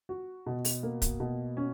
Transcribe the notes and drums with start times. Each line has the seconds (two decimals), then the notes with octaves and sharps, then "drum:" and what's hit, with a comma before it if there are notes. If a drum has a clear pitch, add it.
0.09 F#4
0.46 B2
0.65 drum: open hi-hat
0.83 A#3
1.02 drum: kick, hi-hat
1.20 B2
1.57 C#4